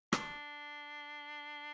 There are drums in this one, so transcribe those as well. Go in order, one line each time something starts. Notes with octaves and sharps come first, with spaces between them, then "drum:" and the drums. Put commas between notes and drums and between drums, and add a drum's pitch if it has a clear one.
D4, drum: rim click